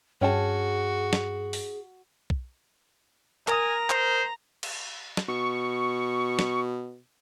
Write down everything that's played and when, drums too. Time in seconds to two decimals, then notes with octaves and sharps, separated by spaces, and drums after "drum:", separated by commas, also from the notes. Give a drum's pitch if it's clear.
0.21 G2 C#4 F#4 G#4 G5 A5
1.13 drum: snare
1.53 drum: open hi-hat
2.30 drum: kick
3.48 A#4 G#5 A#5 D#6, drum: clap
3.90 C5, drum: clap
4.63 drum: cymbal
5.17 drum: snare
5.28 B2 C#6
6.39 drum: snare